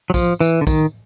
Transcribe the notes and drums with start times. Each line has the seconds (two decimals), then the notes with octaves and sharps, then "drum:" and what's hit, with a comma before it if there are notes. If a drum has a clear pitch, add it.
0.10 F#3
0.14 F3, drum: kick, tambourine
0.40 E3, drum: tambourine
0.61 D3
0.67 D#3, drum: kick, tambourine